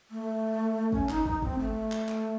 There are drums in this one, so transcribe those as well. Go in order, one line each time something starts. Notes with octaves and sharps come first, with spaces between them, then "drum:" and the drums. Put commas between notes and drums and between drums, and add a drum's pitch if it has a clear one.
A3
C#4, drum: kick
D#4, drum: clap
D#4, drum: kick
C4, drum: kick
A3
drum: clap
drum: clap